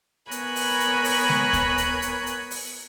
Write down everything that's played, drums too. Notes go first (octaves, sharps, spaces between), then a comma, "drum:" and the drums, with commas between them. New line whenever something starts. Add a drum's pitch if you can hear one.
B3 A#4 C#5 G#5 B5 F#6, drum: hi-hat
drum: open hi-hat
drum: hi-hat
drum: open hi-hat
drum: snare G#3
drum: kick D2, hi-hat
drum: hi-hat
drum: hi-hat
drum: hi-hat
drum: open hi-hat